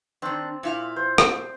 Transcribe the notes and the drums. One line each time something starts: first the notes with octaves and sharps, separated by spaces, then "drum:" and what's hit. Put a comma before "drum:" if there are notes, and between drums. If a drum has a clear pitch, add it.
D#3 C4 D4
A#2 E4 F5
C5
drum: rim click